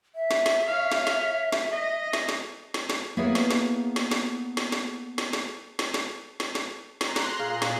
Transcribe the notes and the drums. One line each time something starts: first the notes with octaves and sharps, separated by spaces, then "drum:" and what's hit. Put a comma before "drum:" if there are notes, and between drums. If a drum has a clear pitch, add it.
E5
drum: snare
drum: snare
C#5 F5
drum: snare
drum: snare
drum: snare
D#5 A#6
drum: snare
drum: snare
drum: snare
drum: snare
A#3 B3 E4 G#4 B4 C#5
drum: snare
drum: snare
drum: snare
drum: snare
drum: snare
drum: snare
drum: snare
drum: snare
drum: snare
drum: snare
drum: snare
drum: snare
A#5 C6 F#6, drum: snare
drum: snare
A#2 G#4 F5
drum: snare